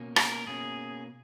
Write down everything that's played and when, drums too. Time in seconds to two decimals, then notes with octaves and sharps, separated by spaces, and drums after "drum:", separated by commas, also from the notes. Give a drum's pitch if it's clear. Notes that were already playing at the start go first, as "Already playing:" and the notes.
Already playing: B2 A#3 C#4
0.16 A#4, drum: rim click
0.47 B2 A#3 C#4 G#4